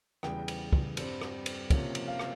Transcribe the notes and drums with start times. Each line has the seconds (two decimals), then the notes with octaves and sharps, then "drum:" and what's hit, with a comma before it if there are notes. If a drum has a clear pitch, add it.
0.23 E2 C#3 G3 G5, drum: rim click
0.48 drum: cymbal
0.73 drum: kick
0.97 G2 G3 C4, drum: cymbal
1.21 drum: rim click
1.46 drum: cymbal
1.70 C3 F3 A#3 C#4, drum: kick, cymbal
1.95 drum: cymbal
2.08 F5
2.19 drum: rim click